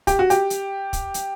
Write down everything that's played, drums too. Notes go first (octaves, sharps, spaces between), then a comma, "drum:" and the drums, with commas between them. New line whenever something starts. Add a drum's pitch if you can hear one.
G4, drum: kick, hi-hat
F#4
G4, drum: hi-hat
drum: hi-hat
drum: kick, hi-hat
drum: hi-hat